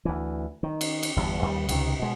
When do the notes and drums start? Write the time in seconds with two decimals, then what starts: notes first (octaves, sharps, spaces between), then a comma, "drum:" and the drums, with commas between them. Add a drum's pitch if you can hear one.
0.05 D2 E3
0.63 D#3
0.81 drum: cymbal
1.03 drum: cymbal
1.16 G1 E2 G2
1.42 D#2 G3
1.69 C#2 C3 D#3, drum: cymbal
1.99 B2 G#3